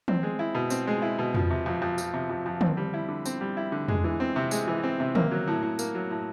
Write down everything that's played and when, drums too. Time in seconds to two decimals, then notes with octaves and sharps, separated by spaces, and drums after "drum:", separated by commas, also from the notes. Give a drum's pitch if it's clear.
0.08 C4, drum: tom
0.23 G#3
0.39 E4
0.55 B2
0.70 C4, drum: tambourine
0.87 G#3
1.02 E4
1.19 B2
1.35 F3, drum: tom
1.50 C3
1.66 F2
1.82 F2
1.98 F3, drum: tambourine
2.13 C3
2.30 F2
2.46 F2
2.61 C4, drum: tom
2.77 G3
2.94 E4
3.08 D3
3.25 C4, drum: tambourine
3.41 G3
3.57 E4
3.72 D3
3.88 G#3, drum: tom
4.04 E3
4.20 C4
4.36 C3
4.51 G#3, drum: tambourine
4.68 E3
4.83 C4
5.00 C3
5.15 A#3, drum: tom
5.31 F#3
5.47 A2
5.63 A2
5.79 A#3, drum: tambourine
5.95 F#3
6.11 A2